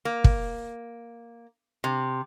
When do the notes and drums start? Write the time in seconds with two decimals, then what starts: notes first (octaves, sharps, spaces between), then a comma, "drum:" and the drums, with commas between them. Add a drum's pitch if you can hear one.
0.05 A#3
0.24 drum: kick
1.84 C3